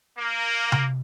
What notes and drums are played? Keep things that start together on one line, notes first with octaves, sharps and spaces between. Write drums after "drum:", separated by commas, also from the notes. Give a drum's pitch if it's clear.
A#3
drum: tom C3